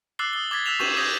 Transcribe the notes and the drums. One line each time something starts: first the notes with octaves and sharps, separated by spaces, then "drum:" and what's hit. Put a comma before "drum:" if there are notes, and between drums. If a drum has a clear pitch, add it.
D6 E6 F#6 A6 C7 G7
D#6 A6 G7
D6 G#6 A6 B6
E6 F#6 B6 E7 F7
C#6 G6 D#7 E7 F#7, drum: cymbal
D#6 G6 G#6 A#6